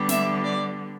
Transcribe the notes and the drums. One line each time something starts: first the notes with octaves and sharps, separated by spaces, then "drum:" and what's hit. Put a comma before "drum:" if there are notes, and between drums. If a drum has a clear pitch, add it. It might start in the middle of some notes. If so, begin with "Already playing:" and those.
Already playing: D3 G3 B3
E5, drum: snare
D5